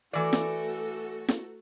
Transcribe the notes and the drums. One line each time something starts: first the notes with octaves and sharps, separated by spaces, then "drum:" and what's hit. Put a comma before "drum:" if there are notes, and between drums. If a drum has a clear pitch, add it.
E3 A3 F#4 A4 D5
drum: snare
drum: snare